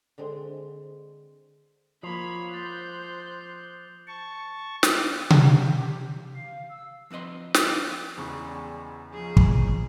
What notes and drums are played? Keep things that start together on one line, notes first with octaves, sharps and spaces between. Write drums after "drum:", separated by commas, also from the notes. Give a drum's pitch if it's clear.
D3 G#3 C4
F3 A#3 C#5 B5 D#6 C7 F7
C5 D6 F#6 G6 A6
A5 C#6
drum: snare
G4, drum: tom C3
F5
E6
F3 C4 B4 D#5 C6
drum: snare
E2 C#3 G3 G#3 C#6
F3 C#4 D#4 G#4
drum: kick